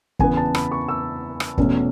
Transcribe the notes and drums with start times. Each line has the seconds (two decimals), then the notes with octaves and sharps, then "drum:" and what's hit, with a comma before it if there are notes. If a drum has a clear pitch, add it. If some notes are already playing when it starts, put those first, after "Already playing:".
0.19 E2 C#3 E3 B3 G#5, drum: kick
0.37 A5
0.55 B5, drum: rim click
0.72 C#6
0.88 E6
1.40 drum: rim click
1.58 E1 E2 B2 A3 C#4, drum: kick